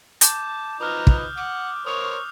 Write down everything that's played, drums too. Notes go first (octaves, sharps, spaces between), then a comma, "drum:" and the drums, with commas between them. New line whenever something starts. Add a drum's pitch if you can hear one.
A5 D6 G6, drum: hi-hat
F3 D#4 B4 A#5 D#6 F6 F#6
drum: kick
F#5 D6
A#4 C5 C#5 C#6 D#6 F7